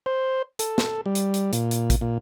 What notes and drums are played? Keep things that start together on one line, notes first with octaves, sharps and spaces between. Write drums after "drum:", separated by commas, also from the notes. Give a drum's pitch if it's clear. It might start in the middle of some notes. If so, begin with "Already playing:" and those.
C5
A4, drum: hi-hat
drum: snare
G3
drum: hi-hat
drum: hi-hat
A#2, drum: hi-hat
drum: hi-hat
drum: kick A1, hi-hat
A#2